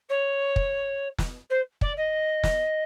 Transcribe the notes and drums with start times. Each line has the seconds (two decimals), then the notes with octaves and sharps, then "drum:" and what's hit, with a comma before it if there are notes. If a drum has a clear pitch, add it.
0.09 C#5
0.56 drum: kick
1.18 drum: snare
1.50 C5
1.81 D5, drum: kick
1.97 D#5
2.43 drum: snare